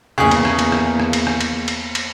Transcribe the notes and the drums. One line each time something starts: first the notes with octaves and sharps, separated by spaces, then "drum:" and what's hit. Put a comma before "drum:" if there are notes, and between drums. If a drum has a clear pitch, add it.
E2 C#3 A#3 G#4
drum: cymbal
drum: rim click
drum: cymbal
drum: rim click
drum: rim click
drum: cymbal
drum: rim click
drum: cymbal
drum: cymbal
drum: cymbal